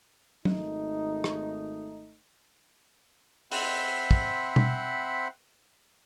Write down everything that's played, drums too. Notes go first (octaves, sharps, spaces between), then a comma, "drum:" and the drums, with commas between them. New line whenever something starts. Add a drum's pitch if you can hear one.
G#1 A3 D#4, drum: tom F#3
drum: rim click
C4 C5 E5 F#5 B5, drum: open hi-hat
drum: kick
drum: tom B2